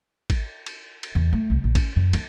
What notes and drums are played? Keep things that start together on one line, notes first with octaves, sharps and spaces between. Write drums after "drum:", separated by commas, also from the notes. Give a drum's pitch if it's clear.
drum: kick G#1, cymbal
drum: cymbal
drum: cymbal
E2
A3
C2
A#1
C#4, drum: kick G#1, cymbal
F#2
D4, drum: cymbal